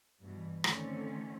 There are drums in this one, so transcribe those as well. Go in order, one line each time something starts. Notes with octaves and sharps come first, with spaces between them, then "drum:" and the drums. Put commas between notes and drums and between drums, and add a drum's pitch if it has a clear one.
G2 B2 E3
D3 D#3 A3 C4 C#4, drum: rim click